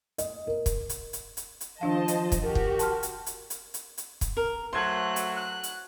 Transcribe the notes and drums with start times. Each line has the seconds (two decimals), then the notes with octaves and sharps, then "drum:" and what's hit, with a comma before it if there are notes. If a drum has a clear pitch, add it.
0.18 D#5, drum: hi-hat
0.47 A#4
0.66 drum: kick, hi-hat
0.89 drum: hi-hat
1.13 drum: hi-hat
1.37 drum: hi-hat
1.61 drum: hi-hat
1.81 D#3 F3 D4 C5 D#5 F5 A5
2.08 drum: hi-hat
2.32 drum: kick, hi-hat
2.43 F#4 G4 A#4
2.55 drum: kick
2.79 A5 C6 F6, drum: hi-hat
3.03 drum: hi-hat
3.26 drum: hi-hat
3.50 drum: hi-hat
3.74 drum: hi-hat
3.98 drum: hi-hat
4.21 drum: kick, hi-hat
4.37 A#4
4.73 F#3 A3 C5 C6 F#6 G#6
5.16 drum: hi-hat
5.36 F#6
5.63 drum: hi-hat